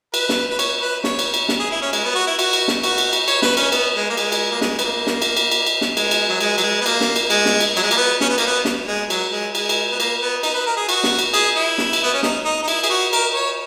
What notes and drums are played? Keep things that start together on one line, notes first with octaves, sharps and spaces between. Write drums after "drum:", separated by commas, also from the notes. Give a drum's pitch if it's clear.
B4, drum: cymbal
drum: snare
B4
C#5, drum: cymbal
B4
C#5, drum: snare
drum: cymbal
drum: cymbal
drum: snare
G#4
E4
C#4
G#3, drum: cymbal
B3
F#4
E4
F#4, drum: cymbal
drum: cymbal
drum: snare
F#4, drum: cymbal
drum: cymbal
drum: cymbal
C#5, drum: cymbal
B4, drum: snare
C#4, drum: cymbal
B3, drum: cymbal
G#3
A#3
G#3, drum: cymbal
drum: cymbal
A#3
G#3, drum: snare
B3, drum: cymbal
A#3
drum: snare
drum: cymbal
drum: cymbal
drum: cymbal
drum: cymbal
drum: snare
G#3, drum: cymbal
drum: cymbal
F#3
G#3, drum: cymbal
F#3, drum: cymbal
G#3
B3
A#3, drum: cymbal
drum: snare
drum: cymbal
G#3, drum: cymbal
drum: snare
drum: cymbal
F#3, drum: cymbal
G#3
A#3, drum: cymbal
B3
C#4, drum: snare
B3
A#3, drum: cymbal
B3
drum: snare
G#3
F#3, drum: cymbal
G#3
G#3, drum: cymbal
drum: cymbal
B3
A#3, drum: cymbal
B3
D#4, drum: cymbal
B4
A#4
G#4
F#4, drum: cymbal
drum: snare
drum: cymbal
G#4, drum: cymbal
E4
drum: snare
drum: cymbal
B3
C#4
D#4, drum: snare
D#4
D#4
E4, drum: cymbal
G#4, drum: cymbal
F#4
A#4, drum: cymbal
C#5